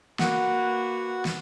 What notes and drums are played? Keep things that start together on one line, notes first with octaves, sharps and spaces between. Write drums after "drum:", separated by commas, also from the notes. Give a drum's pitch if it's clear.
A#3 F#4 B4 F#5, drum: snare
drum: snare